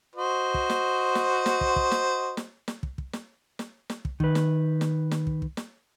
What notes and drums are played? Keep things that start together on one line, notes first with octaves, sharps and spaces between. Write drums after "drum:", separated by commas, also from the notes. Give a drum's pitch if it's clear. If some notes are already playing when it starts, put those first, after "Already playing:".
F#4 C5 D#5
drum: kick
drum: snare
drum: snare
drum: snare
drum: kick
drum: kick
drum: snare
drum: snare
drum: snare
drum: kick
drum: kick
drum: snare
drum: snare
drum: snare
drum: kick
D#3 B4, drum: kick
drum: snare
drum: snare
drum: snare
drum: kick
drum: kick
drum: snare